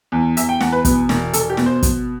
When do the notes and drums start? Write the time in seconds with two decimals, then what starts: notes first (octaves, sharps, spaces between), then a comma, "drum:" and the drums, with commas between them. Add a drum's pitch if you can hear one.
0.12 E2
0.37 E2 E5, drum: hi-hat
0.49 G5
0.60 E2 F#5, drum: snare
0.73 B4
0.85 B2 B4, drum: kick, hi-hat
1.09 E1, drum: snare
1.33 E1 A4, drum: hi-hat
1.50 G4
1.57 B2, drum: snare
1.66 C5
1.83 B2, drum: kick, hi-hat